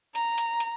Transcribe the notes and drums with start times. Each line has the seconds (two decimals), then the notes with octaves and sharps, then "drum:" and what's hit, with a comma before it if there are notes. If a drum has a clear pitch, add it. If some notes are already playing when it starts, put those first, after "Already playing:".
0.15 A#5, drum: hi-hat
0.38 drum: hi-hat
0.60 drum: hi-hat